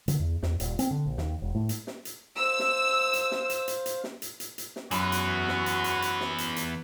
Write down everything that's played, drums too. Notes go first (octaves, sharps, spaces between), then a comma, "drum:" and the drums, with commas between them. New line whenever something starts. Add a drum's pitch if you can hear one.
D3, drum: hi-hat
E2
E2, drum: snare
D#1, drum: hi-hat
C4, drum: hi-hat
D3
A#1
D#2, drum: snare
E1
A2
drum: hi-hat
drum: snare
drum: hi-hat
C5 F5 E6
drum: snare
drum: hi-hat
drum: snare
drum: hi-hat
drum: hi-hat
drum: hi-hat
drum: snare
drum: hi-hat
drum: hi-hat
drum: hi-hat
drum: snare
F#2 E3 B3 F#4, drum: hi-hat
drum: hi-hat
drum: snare
drum: hi-hat
drum: hi-hat
drum: hi-hat
drum: snare
drum: hi-hat
drum: hi-hat